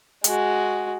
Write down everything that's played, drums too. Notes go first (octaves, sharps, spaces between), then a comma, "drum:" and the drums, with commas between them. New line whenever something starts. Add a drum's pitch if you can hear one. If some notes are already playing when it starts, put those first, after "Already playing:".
G#3 F#4, drum: hi-hat